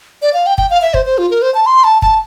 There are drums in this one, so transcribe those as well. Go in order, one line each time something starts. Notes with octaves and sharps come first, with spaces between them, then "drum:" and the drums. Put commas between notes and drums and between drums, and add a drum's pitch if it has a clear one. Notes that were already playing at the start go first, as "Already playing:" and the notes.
D5
F5
G5
G5, drum: kick
F5
E5
C5, drum: kick
C5
F4
A#4
C5
A5
C6
A5
A5, drum: kick